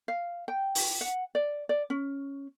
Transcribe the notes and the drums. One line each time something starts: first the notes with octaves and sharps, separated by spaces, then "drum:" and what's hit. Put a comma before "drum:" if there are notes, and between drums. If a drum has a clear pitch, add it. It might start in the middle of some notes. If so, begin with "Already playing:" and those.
F5
G5
drum: open hi-hat
F#5
D5
D5
C#4